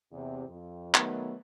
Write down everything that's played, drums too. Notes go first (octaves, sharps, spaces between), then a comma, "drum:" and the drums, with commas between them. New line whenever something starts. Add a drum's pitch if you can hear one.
E2 C3
F2
D#3 F#3 A3 B3, drum: clap